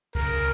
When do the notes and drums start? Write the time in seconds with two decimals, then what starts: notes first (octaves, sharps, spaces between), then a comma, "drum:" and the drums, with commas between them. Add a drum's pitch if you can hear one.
0.15 C#3 A#4, drum: kick C#2